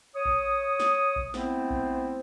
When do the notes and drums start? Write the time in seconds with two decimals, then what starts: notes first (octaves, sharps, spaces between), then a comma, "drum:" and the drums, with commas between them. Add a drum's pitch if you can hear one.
0.15 C#5 D#6
0.25 drum: kick A#1
0.80 drum: snare
1.16 drum: kick A#1
1.34 A3 B3 C4 E4 C5, drum: snare
1.70 drum: kick A#1